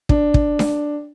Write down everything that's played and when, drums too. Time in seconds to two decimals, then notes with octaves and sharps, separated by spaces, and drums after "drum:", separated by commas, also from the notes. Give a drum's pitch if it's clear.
0.09 D4, drum: kick
0.34 drum: kick
0.59 drum: snare D4